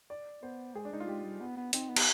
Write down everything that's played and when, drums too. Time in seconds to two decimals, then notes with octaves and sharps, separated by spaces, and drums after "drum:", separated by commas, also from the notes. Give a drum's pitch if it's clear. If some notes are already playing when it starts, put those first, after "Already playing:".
0.10 D5
0.43 B3 C5
0.75 G#3 G#4
0.85 D4
0.92 G#3 D#4
1.00 F4
1.08 G#3 G4
1.24 G3
1.41 B3
1.57 B3
1.73 C4 D#4, drum: hi-hat
1.89 B3
1.96 G4, drum: cymbal